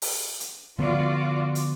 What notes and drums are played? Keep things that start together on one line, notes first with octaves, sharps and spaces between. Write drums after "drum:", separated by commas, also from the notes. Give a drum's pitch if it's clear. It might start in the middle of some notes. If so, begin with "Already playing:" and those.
drum: open hi-hat
drum: hi-hat
D3 F3 B3 F4 F#4 D5
drum: hi-hat